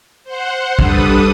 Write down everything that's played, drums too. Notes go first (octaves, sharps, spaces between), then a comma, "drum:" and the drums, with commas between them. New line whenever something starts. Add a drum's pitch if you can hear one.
C5 F#5
G3 D4 A4 B4 D#6, drum: kick